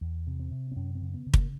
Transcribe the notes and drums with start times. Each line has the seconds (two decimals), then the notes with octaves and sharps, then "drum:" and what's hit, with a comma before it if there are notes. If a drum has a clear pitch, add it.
0.01 E2
0.27 C3
0.40 C4
0.51 C3
0.72 C4
0.76 F#2 C#4
0.95 C4
1.02 C#3
1.14 B3
1.27 C#3
1.34 A#3, drum: kick